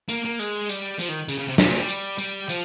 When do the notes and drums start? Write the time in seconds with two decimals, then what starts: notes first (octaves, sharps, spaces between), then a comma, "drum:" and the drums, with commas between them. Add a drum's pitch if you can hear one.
0.09 A#3, drum: tambourine
0.25 A#3
0.39 G#3, drum: tambourine
0.69 G3, drum: tambourine
0.99 F3, drum: tambourine
1.09 D#3
1.28 C#3, drum: tambourine
1.39 C#3
1.48 C3
1.58 C3, drum: snare
1.68 A#2
1.78 G3
1.89 drum: tambourine
2.18 G3, drum: tambourine
2.49 F3, drum: tambourine